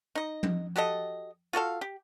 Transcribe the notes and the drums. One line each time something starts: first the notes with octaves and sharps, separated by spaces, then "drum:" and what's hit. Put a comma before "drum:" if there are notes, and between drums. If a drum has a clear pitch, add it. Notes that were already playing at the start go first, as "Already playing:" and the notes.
D#4 D#5
drum: tom F3
F#4 G4 A4 D#5
F4 F#4 A4 F5
G4